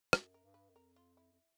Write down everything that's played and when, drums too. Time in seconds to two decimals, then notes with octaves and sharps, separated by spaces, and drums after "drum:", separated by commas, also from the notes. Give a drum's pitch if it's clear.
0.13 F#2 A4, drum: rim click
0.34 A#4
0.44 G2
0.54 B4
0.69 F#2
0.75 F2 A#4
0.96 F4
1.17 E4
1.32 F2